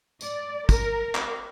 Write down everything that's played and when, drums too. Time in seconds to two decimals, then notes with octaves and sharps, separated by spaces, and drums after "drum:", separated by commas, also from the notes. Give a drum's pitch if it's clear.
0.21 D5, drum: tambourine
0.69 A#4, drum: kick, tambourine
1.15 drum: clap